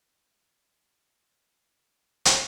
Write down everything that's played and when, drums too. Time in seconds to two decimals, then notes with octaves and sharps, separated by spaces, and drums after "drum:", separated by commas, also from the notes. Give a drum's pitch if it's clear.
0.19 B3 E4
0.94 G#6
2.25 drum: hi-hat